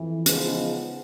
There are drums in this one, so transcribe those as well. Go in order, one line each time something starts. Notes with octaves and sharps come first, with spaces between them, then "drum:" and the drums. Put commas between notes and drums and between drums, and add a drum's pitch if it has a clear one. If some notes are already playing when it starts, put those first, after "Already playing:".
Already playing: F2 E3
C#3 F3 G#3 B3 D#4, drum: hi-hat